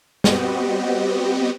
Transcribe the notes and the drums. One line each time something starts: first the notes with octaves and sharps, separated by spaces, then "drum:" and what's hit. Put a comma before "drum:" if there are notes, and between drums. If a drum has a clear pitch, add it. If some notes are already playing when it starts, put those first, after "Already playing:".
G3 B3 C4 F#4 G4 D#5, drum: snare